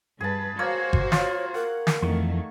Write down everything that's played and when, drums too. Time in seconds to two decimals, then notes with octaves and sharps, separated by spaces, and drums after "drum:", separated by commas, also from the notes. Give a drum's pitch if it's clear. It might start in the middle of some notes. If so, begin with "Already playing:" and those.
0.21 G2 G#4 B4 A5
0.59 A#3 F#4 C5 C#5 E6
0.93 drum: kick G1
1.12 F4 C#5, drum: snare
1.54 A#4 F#5
1.87 drum: snare
2.02 F2 D#3 E3 A3 C#6